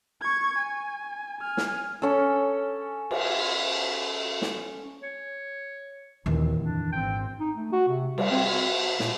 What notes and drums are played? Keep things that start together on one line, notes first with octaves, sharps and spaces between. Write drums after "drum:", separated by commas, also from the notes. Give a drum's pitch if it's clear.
C#6 G#6
G#5
G#5 F6
drum: snare
C#4 A4
drum: cymbal
drum: snare
C#5
D#2 A#2 D#3 E3 C4
F1 D4
G#1 C4 G5
D#4
A3
F#4
C3
G3, drum: cymbal
C4
F#4
A#2, drum: snare